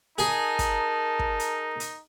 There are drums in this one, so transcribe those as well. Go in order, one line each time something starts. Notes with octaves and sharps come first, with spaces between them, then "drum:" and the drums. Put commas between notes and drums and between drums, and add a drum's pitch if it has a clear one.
D#4 G#4 A#4 A5, drum: hi-hat
drum: kick, hi-hat
drum: kick
drum: hi-hat
drum: hi-hat